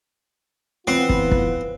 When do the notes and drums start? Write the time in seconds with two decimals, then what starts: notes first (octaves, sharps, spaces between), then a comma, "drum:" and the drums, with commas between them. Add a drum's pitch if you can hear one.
0.87 E3 B3 C4 F4 B4
1.09 drum: kick
1.31 drum: kick